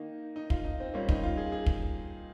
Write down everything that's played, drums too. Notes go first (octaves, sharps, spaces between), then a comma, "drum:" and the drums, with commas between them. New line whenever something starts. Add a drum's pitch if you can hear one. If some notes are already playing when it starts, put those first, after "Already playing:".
Already playing: D#3 A#3 D#4
D#4
F4, drum: kick
D#4
C4
A#2 G3 A#3 C#4
D#4, drum: kick
F4
G#4
G#4
drum: kick